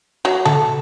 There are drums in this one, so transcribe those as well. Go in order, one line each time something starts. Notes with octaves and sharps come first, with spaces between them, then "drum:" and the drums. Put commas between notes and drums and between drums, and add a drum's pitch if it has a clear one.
F#3
A4, drum: tom C#3